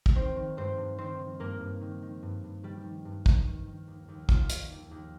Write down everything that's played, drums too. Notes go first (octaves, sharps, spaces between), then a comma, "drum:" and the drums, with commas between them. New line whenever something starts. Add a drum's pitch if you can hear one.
drum: kick
D#3 C4 C5
D#3
G2 C4 C5
G2
D#3 C4 C5
D#3
G2 A#3 A#4
G2
D#3
D#3
G2
G2
D#3 G3 G4
D#3
G2
G2, drum: kick
D#3
D#3
D#2
D#2
D#3 F4, drum: kick
D#3, drum: hi-hat
D#2
D#2